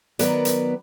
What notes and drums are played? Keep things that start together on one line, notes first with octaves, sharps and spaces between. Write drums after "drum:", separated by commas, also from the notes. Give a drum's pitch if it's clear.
D#3 F#3 B3 A#4 B4 D5, drum: hi-hat
drum: hi-hat